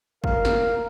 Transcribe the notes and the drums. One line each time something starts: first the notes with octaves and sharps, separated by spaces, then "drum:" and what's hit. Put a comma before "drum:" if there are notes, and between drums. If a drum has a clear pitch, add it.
A#4 F5, drum: kick
drum: snare